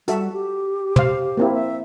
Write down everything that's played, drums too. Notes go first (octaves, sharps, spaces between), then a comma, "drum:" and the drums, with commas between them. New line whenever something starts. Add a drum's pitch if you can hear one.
G3 F#4 A4 E5, drum: hi-hat
G4
C5 F5, drum: tom
A#3 C4 E4
E5